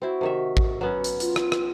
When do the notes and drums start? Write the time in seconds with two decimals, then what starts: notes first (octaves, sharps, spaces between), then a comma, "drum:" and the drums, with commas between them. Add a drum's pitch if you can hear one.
0.02 C4 E4 F#4
0.21 C3 D#3 E5
0.57 drum: kick A1
0.81 F#3 B3 C#4
1.04 drum: hi-hat
1.20 F4, drum: hi-hat
1.36 drum: rim click
1.52 drum: rim click